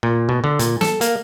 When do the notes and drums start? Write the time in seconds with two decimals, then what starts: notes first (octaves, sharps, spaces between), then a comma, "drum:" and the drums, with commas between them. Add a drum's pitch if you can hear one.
0.03 A#2
0.29 B2
0.44 D3
0.59 A#2, drum: hi-hat
0.81 A4, drum: snare
1.01 A#3, drum: hi-hat